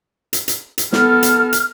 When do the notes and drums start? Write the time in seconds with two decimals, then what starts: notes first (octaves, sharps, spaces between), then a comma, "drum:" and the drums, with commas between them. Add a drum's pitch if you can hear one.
0.33 drum: hi-hat
0.48 drum: hi-hat
0.78 drum: hi-hat
0.93 B3 A4 F6, drum: snare
1.23 drum: hi-hat
1.53 drum: hi-hat